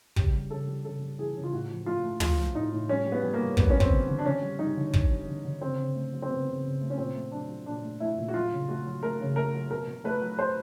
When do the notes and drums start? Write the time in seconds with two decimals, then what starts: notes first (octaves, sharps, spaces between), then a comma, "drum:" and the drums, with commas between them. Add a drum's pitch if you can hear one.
0.16 C#3 G4, drum: kick
0.33 G3
0.50 C#3 A4
0.67 G3
0.85 C#3 A4
1.01 G3
1.18 E3 G#4
1.35 C#3
1.44 F4
1.52 A2 F#4
1.70 F3
1.86 A3 F4
2.03 A3
2.20 F3 F4, drum: tom
2.37 F3
2.55 A2 D#4
2.71 A2
2.89 G3 C#4
3.06 G3
3.12 B3
3.23 G3
3.34 A#3
3.40 G3
3.57 G3 B3, drum: kick
3.70 G3 C#4
3.80 C4, drum: kick
3.91 D3
4.07 D3
4.19 D4
4.25 D3 C#4
4.42 G3
4.59 G3 D#4
4.77 D3
4.93 D3, drum: kick
5.10 G3
5.28 D3
5.44 D3
5.61 C#3 C4
5.78 C#3
5.95 A3
6.13 F#3
6.22 C4
6.29 C#3 B3
6.47 C#3
6.64 C#3
6.81 A3
6.90 C#4
6.98 A#2 C4
7.15 A3
7.31 F#3 D4
7.49 F#3
7.66 A#2 D4
7.83 A3
8.00 A3 E4
8.17 A#2
8.28 F#4
8.34 F#3 F4
8.51 C#3
8.69 A3 F#4
8.85 F#3
9.03 A3 A#4
9.20 C#3
9.36 A3 A#4
9.54 F#3
9.71 B2 A#4
9.87 B2
10.04 A3 B4
10.21 F#3
10.39 F#3 C5